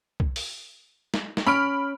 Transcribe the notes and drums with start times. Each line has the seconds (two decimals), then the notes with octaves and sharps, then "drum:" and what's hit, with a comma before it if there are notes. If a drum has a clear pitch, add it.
0.20 drum: kick
0.36 drum: open hi-hat
1.14 drum: snare
1.37 drum: snare
1.46 C#4 B5 F6 D7